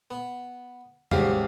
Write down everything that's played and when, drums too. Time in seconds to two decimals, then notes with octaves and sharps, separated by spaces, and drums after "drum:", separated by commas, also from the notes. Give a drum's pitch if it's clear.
0.11 B3
1.11 A1 G#2 F#3 G3 G4 F5, drum: tom